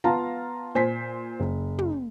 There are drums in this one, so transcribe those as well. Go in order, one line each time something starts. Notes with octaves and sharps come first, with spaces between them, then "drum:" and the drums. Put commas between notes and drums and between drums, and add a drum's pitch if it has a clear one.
B3 F4 F5 A5 A#5
A#2 C5 G#5 B6
F#1
drum: tom